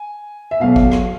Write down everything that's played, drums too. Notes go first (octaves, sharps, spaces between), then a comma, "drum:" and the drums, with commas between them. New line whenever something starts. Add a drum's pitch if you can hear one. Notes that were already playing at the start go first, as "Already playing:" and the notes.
Already playing: G#5
E5
B1 B2 F5
drum: kick G#1
drum: rim click